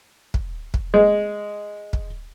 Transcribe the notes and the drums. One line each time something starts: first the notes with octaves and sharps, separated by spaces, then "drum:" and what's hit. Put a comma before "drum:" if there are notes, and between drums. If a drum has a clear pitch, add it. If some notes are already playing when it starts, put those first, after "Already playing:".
drum: kick
drum: kick
G#3
drum: kick